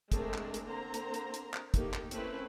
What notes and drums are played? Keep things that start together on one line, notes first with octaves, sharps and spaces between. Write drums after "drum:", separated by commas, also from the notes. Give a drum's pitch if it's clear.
G#3 A3 C4 D4 G#4 A#4, drum: kick, hi-hat
drum: clap
drum: hi-hat
D3 A#3 C4 C5 A#5
drum: hi-hat
drum: hi-hat
drum: hi-hat
drum: clap
A3 A#3 D#4 G4, drum: kick, hi-hat
drum: clap
A3 A#3 C4 C#4 E4 B4, drum: hi-hat